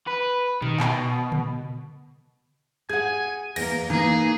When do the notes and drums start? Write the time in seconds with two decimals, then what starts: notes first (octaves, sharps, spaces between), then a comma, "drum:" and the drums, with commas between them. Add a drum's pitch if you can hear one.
0.07 B4
0.62 D#3, drum: tom A#2
0.80 B2, drum: clap
1.32 drum: tom C#3
2.89 G#4 F#5 G#5 G#6
3.56 E2 A#3 A#4 A#6, drum: cymbal
3.90 E3 A#3 D#4 G#4